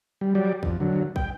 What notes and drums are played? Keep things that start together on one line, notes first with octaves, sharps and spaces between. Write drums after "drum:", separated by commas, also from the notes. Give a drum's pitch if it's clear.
G3
F#3 G4 D5
F2, drum: kick
D3 F#3
G5, drum: kick